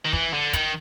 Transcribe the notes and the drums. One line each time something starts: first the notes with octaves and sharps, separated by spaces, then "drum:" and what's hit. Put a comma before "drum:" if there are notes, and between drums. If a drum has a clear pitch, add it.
D#3
E3, drum: kick
D3
D#3, drum: kick, hi-hat